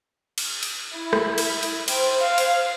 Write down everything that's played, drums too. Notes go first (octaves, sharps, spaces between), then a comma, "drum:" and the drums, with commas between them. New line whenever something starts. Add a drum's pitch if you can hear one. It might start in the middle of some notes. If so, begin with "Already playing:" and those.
drum: cymbal
drum: cymbal
E4
drum: rim click
drum: cymbal
drum: cymbal
C5 G5, drum: cymbal
F5
drum: cymbal